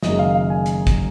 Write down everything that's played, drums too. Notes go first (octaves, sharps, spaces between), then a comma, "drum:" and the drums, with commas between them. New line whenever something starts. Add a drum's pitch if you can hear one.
F#1 F#2 D#3 G#3 D#5, drum: snare
F5
F5
G#5
drum: hi-hat
drum: kick, hi-hat